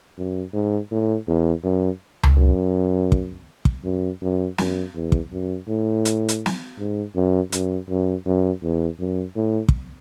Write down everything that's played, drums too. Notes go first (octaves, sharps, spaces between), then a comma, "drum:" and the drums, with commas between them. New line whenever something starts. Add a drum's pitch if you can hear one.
F#2
G#2
A2
E2
F#2
drum: tom C#2
F#2
drum: kick
drum: kick
F#2
F#2
F#2, drum: snare
E2
drum: kick
F#2
A2
drum: hi-hat
drum: hi-hat
drum: snare
G#2
F#2
F#2, drum: hi-hat
F#2
F#2
E2
F#2
A2
drum: kick